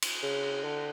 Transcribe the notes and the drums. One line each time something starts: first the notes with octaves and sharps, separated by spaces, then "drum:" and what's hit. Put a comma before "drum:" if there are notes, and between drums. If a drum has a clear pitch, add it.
drum: cymbal
C#3
D3